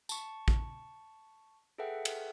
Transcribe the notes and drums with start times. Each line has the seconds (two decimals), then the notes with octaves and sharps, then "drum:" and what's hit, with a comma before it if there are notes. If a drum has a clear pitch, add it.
0.09 A5 C#6, drum: tambourine
0.48 drum: kick
1.78 G#4 A4 B4 E5 F#5 G5
2.05 drum: cymbal